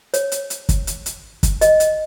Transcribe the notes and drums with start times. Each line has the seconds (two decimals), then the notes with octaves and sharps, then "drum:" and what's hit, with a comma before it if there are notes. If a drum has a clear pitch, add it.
0.14 C#5, drum: hi-hat
0.32 drum: hi-hat
0.50 drum: hi-hat
0.69 drum: kick, hi-hat
0.87 drum: hi-hat
1.06 drum: hi-hat
1.43 drum: kick, hi-hat
1.61 D#5, drum: hi-hat
1.80 drum: hi-hat